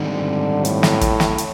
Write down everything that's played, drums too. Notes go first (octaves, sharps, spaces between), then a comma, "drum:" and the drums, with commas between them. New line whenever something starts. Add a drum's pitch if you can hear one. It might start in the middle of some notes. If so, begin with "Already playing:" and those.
Already playing: G#2 D3 D#3 G3 C4 D#4
A2, drum: hi-hat
drum: snare
drum: kick, hi-hat
drum: snare
drum: hi-hat